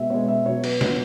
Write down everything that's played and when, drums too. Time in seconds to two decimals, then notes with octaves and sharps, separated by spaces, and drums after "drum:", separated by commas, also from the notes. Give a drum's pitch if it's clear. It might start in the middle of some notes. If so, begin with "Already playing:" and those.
Already playing: B2 G#3 E5
0.10 B2 G#3 C#5
0.28 E5
0.46 B2 F#3 C#5
0.64 B4, drum: cymbal
0.81 B2 F#3 C#5, drum: snare